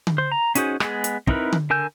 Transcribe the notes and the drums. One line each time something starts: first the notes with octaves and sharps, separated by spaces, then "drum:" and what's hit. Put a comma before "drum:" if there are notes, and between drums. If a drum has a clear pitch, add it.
drum: tom D3
C5
A#5
C#4 D#4 F#4 G#4 C5, drum: hi-hat
G#3 B3 G#4, drum: rim click
drum: hi-hat
C4 D#4 E4 A#4 B4, drum: kick
drum: tom D3
D3 A#4 G#5 E6 G6